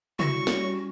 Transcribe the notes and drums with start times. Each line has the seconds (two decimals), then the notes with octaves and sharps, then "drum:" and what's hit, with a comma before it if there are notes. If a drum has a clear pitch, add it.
0.19 G3 C#4 E4 F#4 C#6, drum: tom C3
0.47 drum: snare